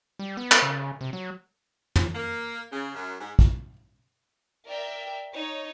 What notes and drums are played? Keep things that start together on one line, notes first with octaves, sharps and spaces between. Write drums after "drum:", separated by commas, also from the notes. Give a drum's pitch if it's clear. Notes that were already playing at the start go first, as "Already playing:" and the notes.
G3
B3
drum: clap
C#3
C3
F#3
drum: tom
A#3
C#3
F#2
G#2
drum: kick
A#4 D5 E5 G5
D#4 C#5